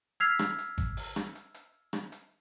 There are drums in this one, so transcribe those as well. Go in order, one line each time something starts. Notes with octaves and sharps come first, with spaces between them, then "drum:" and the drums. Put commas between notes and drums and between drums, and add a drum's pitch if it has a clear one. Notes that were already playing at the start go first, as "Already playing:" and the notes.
E6 F6 G#6 B6 C7 F7, drum: hi-hat
drum: rim click
drum: hi-hat
drum: kick G#1, hi-hat
drum: open hi-hat
drum: rim click
drum: hi-hat
drum: hi-hat
drum: rim click
drum: hi-hat